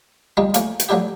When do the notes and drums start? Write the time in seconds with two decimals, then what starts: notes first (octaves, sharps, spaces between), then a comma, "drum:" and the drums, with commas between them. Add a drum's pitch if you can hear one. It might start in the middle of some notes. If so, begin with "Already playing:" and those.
0.37 G3 G#3 D#4 F4
0.54 A3 A#3 C#4 F4, drum: hi-hat
0.80 drum: hi-hat
0.89 F3 F#3 A3 D4 E4 G4